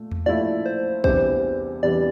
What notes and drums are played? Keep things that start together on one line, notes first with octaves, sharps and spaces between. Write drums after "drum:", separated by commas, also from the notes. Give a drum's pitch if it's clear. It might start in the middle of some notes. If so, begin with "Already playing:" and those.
Already playing: A#2 A3
drum: tom E2
A#2 F3 A3 E4 D5
C5
E2 C3 E3 G3 D4 C5, drum: kick A#1
E2 C3 E3 G3 D4 D5